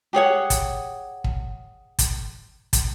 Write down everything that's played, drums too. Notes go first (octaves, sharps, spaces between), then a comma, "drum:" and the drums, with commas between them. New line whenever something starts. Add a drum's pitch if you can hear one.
G4 G#4 C#5 F#5
drum: kick, hi-hat
drum: kick
drum: kick, hi-hat
drum: kick, hi-hat